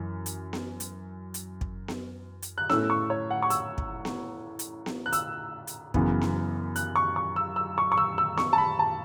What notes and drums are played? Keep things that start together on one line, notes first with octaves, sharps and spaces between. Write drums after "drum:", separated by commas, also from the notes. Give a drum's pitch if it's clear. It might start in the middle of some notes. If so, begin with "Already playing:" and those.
Already playing: F#2 E3
drum: hi-hat
drum: snare B3
drum: hi-hat
drum: hi-hat
drum: kick
drum: snare B3
drum: hi-hat
F#6
A2 A3 C#4 E6, drum: snare B3
C#6
C#5
F#5
C#6
E6, drum: hi-hat
drum: kick
drum: snare B3
drum: hi-hat
drum: snare B3
F#6
E6, drum: hi-hat
drum: hi-hat
F#2 C#3 E3 B3, drum: kick
drum: snare B3
F#6, drum: hi-hat
C#6
C#6
E6
E6
C#6
C#6
E6
E6
C#6, drum: snare B3
A5
B5
A5